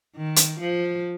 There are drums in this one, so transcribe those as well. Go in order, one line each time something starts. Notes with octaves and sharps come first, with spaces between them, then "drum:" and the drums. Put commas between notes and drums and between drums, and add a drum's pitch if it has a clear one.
D#3
drum: hi-hat
F3